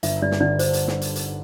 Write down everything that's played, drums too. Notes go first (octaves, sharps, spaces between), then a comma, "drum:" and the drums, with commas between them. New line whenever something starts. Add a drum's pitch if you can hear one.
G1 E5, drum: hi-hat
G2 D5
drum: snare
D3 D5
C5, drum: hi-hat
drum: hi-hat
drum: snare
drum: hi-hat
drum: hi-hat